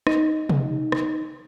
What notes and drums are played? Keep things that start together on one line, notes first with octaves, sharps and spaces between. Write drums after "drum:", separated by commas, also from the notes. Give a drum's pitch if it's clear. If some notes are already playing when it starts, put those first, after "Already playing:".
D#4, drum: rim click
drum: tom C3
drum: rim click